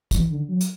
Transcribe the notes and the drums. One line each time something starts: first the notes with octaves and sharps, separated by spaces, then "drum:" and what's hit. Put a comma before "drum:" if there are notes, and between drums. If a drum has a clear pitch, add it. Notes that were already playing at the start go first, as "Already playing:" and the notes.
E3, drum: kick, hi-hat
D3
F#3
drum: hi-hat